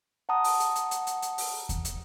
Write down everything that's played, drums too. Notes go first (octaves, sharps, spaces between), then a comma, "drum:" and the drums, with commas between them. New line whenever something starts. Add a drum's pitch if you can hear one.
F#5 A5 A#5 D#6
drum: open hi-hat
drum: hi-hat
drum: hi-hat
drum: hi-hat
drum: hi-hat
drum: hi-hat
drum: open hi-hat
drum: kick D#2, hi-hat
drum: hi-hat